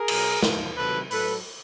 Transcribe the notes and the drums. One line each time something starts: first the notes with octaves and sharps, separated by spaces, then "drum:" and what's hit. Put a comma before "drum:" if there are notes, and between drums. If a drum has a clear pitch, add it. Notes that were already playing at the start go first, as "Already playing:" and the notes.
Already playing: G#4 A#4
B2 F#3, drum: cymbal
G#2 F3, drum: snare
C3 D#3 F#3 A4 B4
A2 F#3 A4 B4, drum: open hi-hat